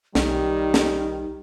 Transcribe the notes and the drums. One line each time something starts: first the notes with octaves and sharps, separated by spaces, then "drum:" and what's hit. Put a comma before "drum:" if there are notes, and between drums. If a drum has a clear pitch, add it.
B1 D#3 G3 D#4, drum: snare
drum: snare